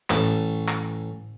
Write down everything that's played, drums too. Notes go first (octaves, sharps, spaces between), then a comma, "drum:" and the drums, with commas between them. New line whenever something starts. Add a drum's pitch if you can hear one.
A1 A5, drum: clap
drum: clap